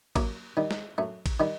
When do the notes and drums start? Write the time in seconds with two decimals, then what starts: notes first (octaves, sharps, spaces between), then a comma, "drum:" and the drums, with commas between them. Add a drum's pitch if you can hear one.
0.16 F#2 A#3, drum: kick A1, cymbal
0.57 D#3 G3
0.71 drum: snare
0.98 F#2 A3
1.26 drum: kick A1, cymbal
1.40 D#3 G3